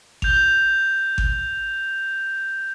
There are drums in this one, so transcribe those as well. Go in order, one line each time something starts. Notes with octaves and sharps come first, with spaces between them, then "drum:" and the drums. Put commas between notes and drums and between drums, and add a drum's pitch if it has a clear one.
G6 F7, drum: kick G#1
drum: kick G#1